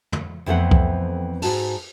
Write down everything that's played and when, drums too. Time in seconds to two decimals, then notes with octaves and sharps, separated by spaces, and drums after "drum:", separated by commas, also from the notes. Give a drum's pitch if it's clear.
0.12 drum: tom
0.46 F2 E3 A3 B3 C4 F#5
0.71 drum: kick C2
1.42 G#2 F#4 A5, drum: open hi-hat